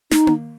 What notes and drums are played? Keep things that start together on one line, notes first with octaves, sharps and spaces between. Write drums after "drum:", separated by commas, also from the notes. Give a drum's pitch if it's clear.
D#4, drum: snare
drum: tom A#3